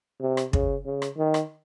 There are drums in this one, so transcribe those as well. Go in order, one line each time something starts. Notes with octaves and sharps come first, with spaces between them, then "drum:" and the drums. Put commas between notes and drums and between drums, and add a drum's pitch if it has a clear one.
C3
drum: rim click
C#3, drum: kick
C#3
drum: rim click
D#3
drum: rim click